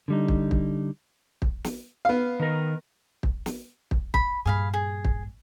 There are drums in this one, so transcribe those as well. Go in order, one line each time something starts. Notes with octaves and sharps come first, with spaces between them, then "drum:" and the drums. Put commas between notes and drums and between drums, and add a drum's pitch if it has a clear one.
D3 G3 D#4
drum: kick
drum: kick
drum: kick
drum: snare
B3 F5
D#3 A#4
drum: kick
drum: snare
drum: kick
B5, drum: kick
G2 A#2 G#4 F5 B5
G#4
drum: kick